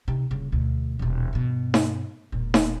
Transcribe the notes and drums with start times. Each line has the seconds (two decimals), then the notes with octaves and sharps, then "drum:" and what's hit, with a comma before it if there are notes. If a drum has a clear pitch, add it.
0.08 C3 D#4
0.31 D#1 C#3
0.52 D2 B2
0.99 D#1 B2
1.33 G2 B2
1.74 drum: snare D#4
2.32 E1 A#2
2.54 drum: snare D#4